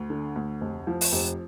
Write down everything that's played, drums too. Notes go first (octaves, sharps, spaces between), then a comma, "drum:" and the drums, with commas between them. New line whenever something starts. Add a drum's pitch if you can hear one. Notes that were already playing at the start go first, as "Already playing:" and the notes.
Already playing: D2
D3
D2
F1
F3
drum: open hi-hat
F1